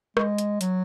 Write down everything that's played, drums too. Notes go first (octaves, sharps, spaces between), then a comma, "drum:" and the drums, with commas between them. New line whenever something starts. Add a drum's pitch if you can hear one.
G#3, drum: rim click
drum: hi-hat
F#3, drum: hi-hat